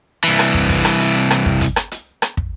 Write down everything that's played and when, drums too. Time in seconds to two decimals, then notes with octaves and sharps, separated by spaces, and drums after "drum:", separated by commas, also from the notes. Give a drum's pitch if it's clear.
0.24 C2 E3
0.39 drum: rim click
0.54 drum: kick
0.69 drum: kick, hi-hat
0.85 drum: rim click
1.00 drum: hi-hat
1.30 drum: rim click
1.46 drum: kick
1.61 drum: kick, hi-hat
1.76 drum: rim click
1.92 drum: hi-hat
2.22 drum: rim click
2.37 drum: kick